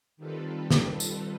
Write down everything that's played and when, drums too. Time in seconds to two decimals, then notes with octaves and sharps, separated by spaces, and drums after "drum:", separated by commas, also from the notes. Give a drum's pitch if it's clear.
0.17 D#3 G3 C4 F4 A4 B4
0.71 drum: snare
1.00 drum: tambourine